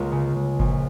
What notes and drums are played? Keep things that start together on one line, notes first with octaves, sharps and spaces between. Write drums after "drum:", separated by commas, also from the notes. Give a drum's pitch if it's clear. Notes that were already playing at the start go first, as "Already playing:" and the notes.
Already playing: C#2 A#3 F4 A#4
C#3
C#2
A#1, drum: kick G1